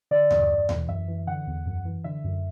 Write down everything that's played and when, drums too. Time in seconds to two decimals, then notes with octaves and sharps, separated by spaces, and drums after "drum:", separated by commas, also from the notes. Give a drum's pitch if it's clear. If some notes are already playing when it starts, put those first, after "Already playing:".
0.11 D3 D5
0.31 G2, drum: tom D#2
0.50 E2
0.69 E3, drum: tom D#2
0.88 F#2 E5
1.08 E3
1.27 D3 F#5
1.47 E2
1.66 F#2
1.85 E3
2.04 D3 E5
2.24 F#2